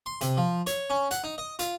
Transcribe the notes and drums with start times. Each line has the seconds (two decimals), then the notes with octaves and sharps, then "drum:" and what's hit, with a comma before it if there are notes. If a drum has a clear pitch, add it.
0.06 C6
0.21 C3, drum: hi-hat
0.37 F3
0.67 C#5, drum: hi-hat
0.90 C#4
1.11 F#5, drum: hi-hat
1.24 D#4
1.38 D#5
1.59 F4, drum: hi-hat